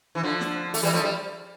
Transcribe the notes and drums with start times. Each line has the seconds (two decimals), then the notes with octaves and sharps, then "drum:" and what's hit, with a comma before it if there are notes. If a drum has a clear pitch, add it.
0.15 E3
0.23 D3 F3
0.41 drum: snare
0.74 A3, drum: open hi-hat
0.83 E3 G3
0.93 F3 A3
1.04 G3